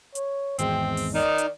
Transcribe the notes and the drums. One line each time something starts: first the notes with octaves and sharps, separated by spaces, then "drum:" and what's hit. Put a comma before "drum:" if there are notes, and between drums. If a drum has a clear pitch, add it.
C#5, drum: hi-hat
G#1 E2 G#3 C4 G5, drum: hi-hat
drum: open hi-hat
D#3 D#4 D5
drum: hi-hat